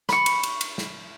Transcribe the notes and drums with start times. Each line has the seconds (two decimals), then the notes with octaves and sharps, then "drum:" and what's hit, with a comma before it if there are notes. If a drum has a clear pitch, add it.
0.09 B5 C#6, drum: snare
0.26 drum: cymbal
0.43 drum: cymbal
0.61 drum: cymbal
0.78 drum: snare